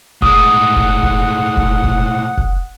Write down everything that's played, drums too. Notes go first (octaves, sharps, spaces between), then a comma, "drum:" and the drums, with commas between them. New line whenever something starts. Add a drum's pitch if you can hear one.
A2 G#3 F#5 D#6, drum: kick F1
drum: kick F1
drum: kick F1
drum: kick F1
drum: kick F1
drum: kick F1